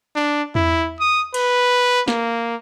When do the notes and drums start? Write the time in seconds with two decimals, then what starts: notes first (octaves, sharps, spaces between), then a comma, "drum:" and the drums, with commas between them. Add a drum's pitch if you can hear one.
0.16 D4
0.55 E4, drum: tom E2
1.00 D#6
1.34 B4, drum: cymbal
2.08 A#3, drum: snare